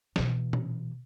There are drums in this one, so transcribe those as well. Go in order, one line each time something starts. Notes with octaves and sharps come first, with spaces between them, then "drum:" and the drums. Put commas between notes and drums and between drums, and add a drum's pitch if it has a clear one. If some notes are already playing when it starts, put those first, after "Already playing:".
B2 E3, drum: snare
drum: tom A#2